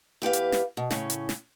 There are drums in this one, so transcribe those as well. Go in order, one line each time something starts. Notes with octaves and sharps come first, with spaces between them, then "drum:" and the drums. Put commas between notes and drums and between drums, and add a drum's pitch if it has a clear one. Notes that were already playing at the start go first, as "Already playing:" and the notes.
E2 G4 B4 F5
drum: hi-hat
drum: snare
B2
A2 C#3 C#4, drum: snare
drum: hi-hat
drum: snare